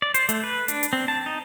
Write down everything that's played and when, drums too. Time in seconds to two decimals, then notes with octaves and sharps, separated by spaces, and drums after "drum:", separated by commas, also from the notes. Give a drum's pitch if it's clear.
0.02 D5
0.14 C5, drum: hi-hat
0.29 A3, drum: hi-hat
0.44 B4
0.68 D4, drum: hi-hat
0.83 drum: hi-hat
0.93 C4
1.08 A5
1.26 D#4